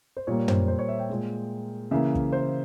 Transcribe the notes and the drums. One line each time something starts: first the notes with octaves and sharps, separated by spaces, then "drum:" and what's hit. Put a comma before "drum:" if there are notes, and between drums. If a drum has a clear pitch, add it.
C5
A#2 G3 A#3 C#5
C5, drum: tom
C5
C#5
E5
G5
A#2 G#3
C#3 E3 A#3 E5
drum: kick
C5